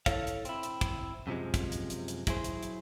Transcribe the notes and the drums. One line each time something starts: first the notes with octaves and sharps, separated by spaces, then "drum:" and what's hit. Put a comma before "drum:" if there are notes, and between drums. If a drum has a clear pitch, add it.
E4 A4 C#5 F5, drum: kick, hi-hat
drum: hi-hat
C4 E4, drum: hi-hat
drum: hi-hat
drum: kick, hi-hat
F#2 C3 F3 G#3
drum: kick, hi-hat
drum: hi-hat
drum: hi-hat
drum: hi-hat
F#3 E4 G#4 C5, drum: kick, hi-hat
drum: hi-hat
drum: hi-hat